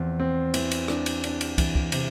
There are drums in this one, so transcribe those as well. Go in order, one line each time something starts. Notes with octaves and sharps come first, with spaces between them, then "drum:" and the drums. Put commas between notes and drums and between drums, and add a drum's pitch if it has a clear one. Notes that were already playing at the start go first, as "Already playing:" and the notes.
Already playing: E2 F3 C4
C4
E3, drum: cymbal
drum: cymbal
D4, drum: rim click
drum: cymbal
D4, drum: cymbal
drum: cymbal
E3, drum: kick, cymbal
drum: kick
C3, drum: cymbal